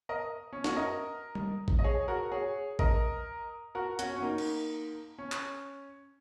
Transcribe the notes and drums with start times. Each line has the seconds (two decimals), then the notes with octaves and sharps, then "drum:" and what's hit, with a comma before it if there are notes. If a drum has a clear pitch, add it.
0.09 A#4 D#5
0.53 C#4
0.64 C#4 F#4, drum: snare
0.76 A#4 D#5
1.35 drum: tom G3
1.68 drum: kick A1
1.79 D#5
1.84 G#4 C#5
2.08 F#4 A#4
2.32 G#4 C#5
2.79 A#4 D#5, drum: kick A1
3.75 F#4 A#4
3.99 C#4 F#4, drum: hi-hat
4.16 C#4
4.22 A#3 D#4
4.38 drum: cymbal
5.19 C#4
5.32 drum: clap